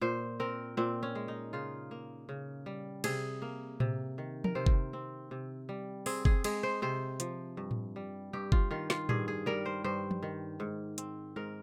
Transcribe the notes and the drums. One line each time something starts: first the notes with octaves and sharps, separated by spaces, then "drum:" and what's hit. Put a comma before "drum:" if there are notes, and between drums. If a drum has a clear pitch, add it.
A#2 C5
C4 A#4
A#2 C4
C#4
G#3
D#4
C#3 F4
A#3
C#3
G3
C3 G#4, drum: cymbal
A#3
C3, drum: tom A2
D#3
A#4, drum: tom
C3 C5
drum: kick F#1
C4
C3
G3
C4 G#4, drum: open hi-hat
G#4, drum: kick F#1
G#3 G#4, drum: cymbal
C5
C3 C5
F3, drum: hi-hat
G2
drum: tom A2
G3
G2 G4
F4, drum: kick F#1
D#3 F4
F4, drum: snare
G2 G#4, drum: tom A2
G#4
G3 A#4
C5
G2 C5
drum: tom
D#3
G#2
C4, drum: hi-hat
G#2 A#4